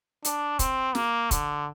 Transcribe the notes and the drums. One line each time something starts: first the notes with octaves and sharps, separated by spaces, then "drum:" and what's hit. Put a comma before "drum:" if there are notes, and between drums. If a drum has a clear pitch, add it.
D4, drum: hi-hat
C4, drum: kick, hi-hat
A#3, drum: snare
D3, drum: kick, hi-hat